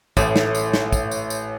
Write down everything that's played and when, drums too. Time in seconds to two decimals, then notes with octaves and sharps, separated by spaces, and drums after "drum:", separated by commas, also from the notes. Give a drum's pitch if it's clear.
0.17 A1 A2, drum: kick, tambourine
0.36 drum: snare
0.55 drum: tambourine
0.74 drum: snare
0.92 drum: kick, tambourine
1.11 drum: tambourine
1.30 drum: tambourine